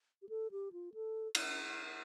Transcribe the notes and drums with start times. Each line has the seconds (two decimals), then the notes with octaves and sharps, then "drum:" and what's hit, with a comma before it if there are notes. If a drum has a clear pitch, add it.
0.22 G4
0.29 A4
0.51 G4
0.73 F4
0.94 A4
1.35 drum: cymbal